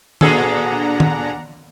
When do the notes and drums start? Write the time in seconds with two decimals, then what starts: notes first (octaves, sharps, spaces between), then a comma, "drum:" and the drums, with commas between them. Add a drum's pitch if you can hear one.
0.21 A#2 D4 G#4 A4 F#5 A#5, drum: tom D#3
1.00 drum: tom D#3